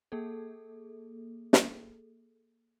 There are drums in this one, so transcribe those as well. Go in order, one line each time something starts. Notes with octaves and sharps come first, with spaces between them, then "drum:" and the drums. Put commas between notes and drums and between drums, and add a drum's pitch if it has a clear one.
A#3 G#4 A4
drum: snare